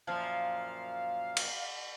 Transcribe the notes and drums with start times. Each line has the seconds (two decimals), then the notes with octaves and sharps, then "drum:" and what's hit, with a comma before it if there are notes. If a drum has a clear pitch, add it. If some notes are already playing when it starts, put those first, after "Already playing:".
0.07 F#2 A#2 F3 F5
1.37 drum: cymbal